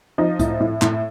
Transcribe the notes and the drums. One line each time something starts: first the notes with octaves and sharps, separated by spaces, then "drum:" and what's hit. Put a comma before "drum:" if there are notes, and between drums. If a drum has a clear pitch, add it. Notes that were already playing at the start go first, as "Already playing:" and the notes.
F3 D#4
A2, drum: kick C#2, hi-hat
A2
A2, drum: clap